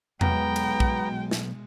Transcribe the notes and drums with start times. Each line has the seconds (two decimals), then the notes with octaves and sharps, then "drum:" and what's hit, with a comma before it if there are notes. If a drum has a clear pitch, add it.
0.21 B1 B2 G#3 B3 G5 A#5, drum: tom E2
0.56 drum: cymbal
0.80 drum: kick
1.31 drum: snare